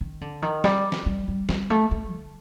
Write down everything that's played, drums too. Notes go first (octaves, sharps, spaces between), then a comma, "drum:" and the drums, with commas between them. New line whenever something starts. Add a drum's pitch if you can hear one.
D#3
D3
D#3
G3, drum: snare
drum: snare
G3
G3
G3, drum: snare
A3
A3
D3